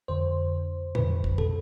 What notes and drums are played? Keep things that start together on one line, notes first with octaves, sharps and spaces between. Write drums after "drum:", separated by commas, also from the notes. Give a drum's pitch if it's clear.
F2 D3 C5
F2 D3 B4, drum: tom
drum: kick
A4, drum: tom